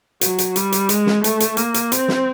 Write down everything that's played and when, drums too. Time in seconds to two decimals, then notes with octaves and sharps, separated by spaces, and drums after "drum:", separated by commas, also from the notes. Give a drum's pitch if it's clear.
0.21 F#3, drum: hi-hat
0.38 drum: hi-hat
0.56 G3, drum: hi-hat
0.72 drum: hi-hat
0.89 G#3, drum: hi-hat
1.06 drum: snare
1.24 A3, drum: hi-hat
1.40 drum: hi-hat
1.57 A#3, drum: hi-hat
1.74 drum: hi-hat
1.92 C4, drum: hi-hat
2.08 drum: snare